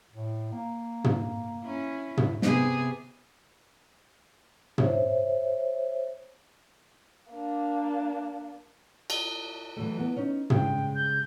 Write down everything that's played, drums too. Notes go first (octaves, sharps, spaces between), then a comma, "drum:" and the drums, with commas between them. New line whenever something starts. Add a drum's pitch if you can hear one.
A2
A#3
drum: tom
C#4 E4
drum: tom
C3 B3 G#4, drum: snare
C5 C#5 E5, drum: tom
A#3 D4
drum: cymbal
E3 F#3 A3
B3
C#4 D#4
C#3 G3 G#3 G5, drum: tom
G6